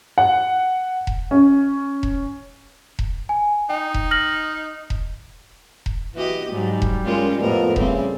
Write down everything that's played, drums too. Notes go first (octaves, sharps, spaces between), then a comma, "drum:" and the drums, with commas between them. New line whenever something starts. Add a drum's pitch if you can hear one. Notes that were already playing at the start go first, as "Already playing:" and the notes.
F#5
drum: kick E1
C#4
drum: kick E1
drum: kick E1
G#5
D#4 G5
drum: kick E1
F6 A#6 F#7
drum: kick E1
drum: kick E1
E3 F#4 G4 D#5
G#2 F#3 G3
drum: kick E1
G#3 C#4 F4 A#4
F2 A2 B3 A#4
C#3 G3 A3 C4, drum: kick E1